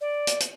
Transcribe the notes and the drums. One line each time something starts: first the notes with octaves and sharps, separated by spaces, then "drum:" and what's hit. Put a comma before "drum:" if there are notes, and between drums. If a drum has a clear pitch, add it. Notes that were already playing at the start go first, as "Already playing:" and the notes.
D5
drum: hi-hat
drum: hi-hat